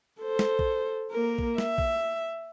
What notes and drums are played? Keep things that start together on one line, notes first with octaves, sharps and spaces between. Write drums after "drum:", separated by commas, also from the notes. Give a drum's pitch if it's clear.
A4 C5
drum: snare
drum: kick A#1
A#3 A#4
drum: kick A#1
E5, drum: snare
drum: kick A#1